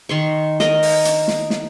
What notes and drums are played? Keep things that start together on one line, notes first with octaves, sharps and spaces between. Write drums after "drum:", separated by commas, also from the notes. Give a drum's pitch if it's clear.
D#3 C6 C#6
A#4 D#5, drum: snare
drum: open hi-hat
drum: hi-hat
drum: snare
drum: snare